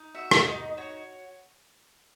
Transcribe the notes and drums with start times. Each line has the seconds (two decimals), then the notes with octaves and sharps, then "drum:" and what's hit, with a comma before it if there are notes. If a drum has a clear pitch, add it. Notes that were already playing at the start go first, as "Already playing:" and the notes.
Already playing: D#4
0.15 F#4 E5
0.31 drum: rim click
0.41 C#5
0.46 D#4 D#5
0.77 F#4 C#5